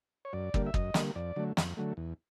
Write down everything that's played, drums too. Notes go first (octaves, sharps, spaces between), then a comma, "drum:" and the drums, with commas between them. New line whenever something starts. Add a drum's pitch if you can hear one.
C#5
F#2 D5
D3 G3 A#3, drum: kick
E5
F#2 D#5, drum: kick
D3 G3 A#3, drum: snare
F2 D5
D3 F#3 A3
F2, drum: snare
D3 F#3 A3
E2